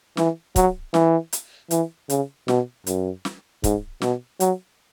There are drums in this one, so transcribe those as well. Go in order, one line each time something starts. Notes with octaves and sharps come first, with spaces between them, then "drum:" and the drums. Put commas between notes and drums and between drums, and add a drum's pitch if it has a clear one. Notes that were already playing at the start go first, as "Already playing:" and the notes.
E3, drum: snare
F#3, drum: kick, hi-hat
E3, drum: snare
drum: hi-hat
E3, drum: hi-hat
C#3, drum: hi-hat
B2, drum: snare
F#2, drum: hi-hat
drum: snare
G#2, drum: kick, hi-hat
B2, drum: snare
F#3, drum: hi-hat